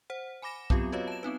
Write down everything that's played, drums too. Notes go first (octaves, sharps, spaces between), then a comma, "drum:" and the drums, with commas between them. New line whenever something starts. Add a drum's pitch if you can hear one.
C5 F#5
G#5 B5 D6 A#6 E7
F#3 B3 C4 F4 G4, drum: kick B1
F4 F#4 B4 C#5 D#5 F5
A5 E7
B3 C4 D#4 B4